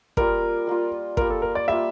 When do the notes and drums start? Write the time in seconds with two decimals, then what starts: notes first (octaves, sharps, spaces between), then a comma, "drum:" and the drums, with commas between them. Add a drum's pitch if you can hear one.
0.17 G3 A#3 F4 A#4, drum: kick
0.67 G3 A#3 F4
1.17 G3 A#3 F4 A#4, drum: kick
1.30 A4
1.42 A#4
1.55 D5
1.68 G3 A#3 F4 E5